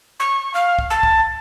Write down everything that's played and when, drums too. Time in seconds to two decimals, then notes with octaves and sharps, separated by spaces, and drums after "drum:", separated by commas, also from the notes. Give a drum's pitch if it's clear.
0.20 C#6
0.54 F5
0.79 drum: kick
0.90 A5
1.03 drum: kick